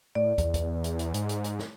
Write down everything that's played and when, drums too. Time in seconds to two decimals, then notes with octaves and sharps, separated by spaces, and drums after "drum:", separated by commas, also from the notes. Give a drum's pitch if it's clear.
0.15 A2 D5
0.38 E2, drum: kick, hi-hat
0.54 drum: kick, hi-hat
0.84 drum: hi-hat
0.99 drum: hi-hat
1.14 G#2, drum: hi-hat
1.29 drum: hi-hat
1.44 drum: hi-hat
1.59 drum: snare